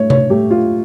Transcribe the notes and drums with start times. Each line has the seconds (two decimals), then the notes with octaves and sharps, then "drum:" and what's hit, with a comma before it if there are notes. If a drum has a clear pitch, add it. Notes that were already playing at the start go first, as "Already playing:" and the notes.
Already playing: A2 A3 C#5
0.10 C#5, drum: tom C3
0.30 A3 G4
0.51 F4